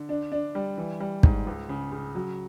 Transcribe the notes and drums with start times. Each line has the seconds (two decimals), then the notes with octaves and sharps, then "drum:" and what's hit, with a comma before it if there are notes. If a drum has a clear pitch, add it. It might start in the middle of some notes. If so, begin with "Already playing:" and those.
Already playing: D3
0.09 D4
0.32 D4
0.55 G3
0.77 E3
1.00 G3
1.23 G#2, drum: kick
1.47 C#2
1.69 C#3
1.92 C#3
2.15 F#3